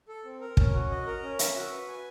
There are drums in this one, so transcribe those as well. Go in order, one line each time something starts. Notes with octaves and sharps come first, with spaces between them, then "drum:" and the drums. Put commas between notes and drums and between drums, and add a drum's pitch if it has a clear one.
A4
C4
A#4
C#4, drum: kick
F#4
D#5
A#4
C#4
E5, drum: hi-hat
F#4
B4
G#5